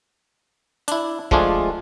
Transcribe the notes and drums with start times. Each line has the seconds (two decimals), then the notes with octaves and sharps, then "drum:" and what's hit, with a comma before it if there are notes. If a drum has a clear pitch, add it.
0.88 D4 E4, drum: hi-hat
1.31 F3 G#3 A3 D4 F4 G#4, drum: kick